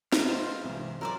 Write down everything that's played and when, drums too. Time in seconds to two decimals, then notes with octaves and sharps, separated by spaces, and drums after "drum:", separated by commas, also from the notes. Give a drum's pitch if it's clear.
0.13 B3 E4 A#4, drum: snare
0.29 C4 F4 C5 D#5
0.64 C2 G#2 E3
1.01 F#3 A#4 C5 D5 E6